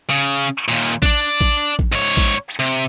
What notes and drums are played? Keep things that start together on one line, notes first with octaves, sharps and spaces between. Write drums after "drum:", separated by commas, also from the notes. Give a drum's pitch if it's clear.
C#3
D#2 A#2
D4 D5, drum: kick A1
drum: kick A1
drum: kick A1
G#2 C#5
drum: kick A1
C3